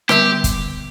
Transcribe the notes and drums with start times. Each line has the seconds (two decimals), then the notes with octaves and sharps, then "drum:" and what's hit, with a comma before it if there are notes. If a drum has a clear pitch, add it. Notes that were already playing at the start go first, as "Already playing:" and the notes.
0.09 D3 G3 B3 G4, drum: rim click
0.44 drum: kick, hi-hat